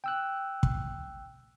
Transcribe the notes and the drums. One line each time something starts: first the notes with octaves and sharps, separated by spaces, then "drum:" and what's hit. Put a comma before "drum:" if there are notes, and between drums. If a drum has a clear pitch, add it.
G5 E6 F#6
drum: kick